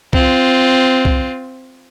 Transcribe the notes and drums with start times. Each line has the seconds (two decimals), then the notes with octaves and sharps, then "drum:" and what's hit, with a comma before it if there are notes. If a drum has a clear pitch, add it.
0.13 C4 F4, drum: kick
1.05 drum: kick